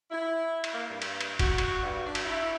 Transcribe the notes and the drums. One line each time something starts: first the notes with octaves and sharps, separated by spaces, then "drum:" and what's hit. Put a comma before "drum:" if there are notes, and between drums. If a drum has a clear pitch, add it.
E4
drum: cymbal
A#3
G2
drum: cymbal
drum: cymbal
F#4, drum: kick, cymbal
drum: cymbal
G2
D4
drum: cymbal
E4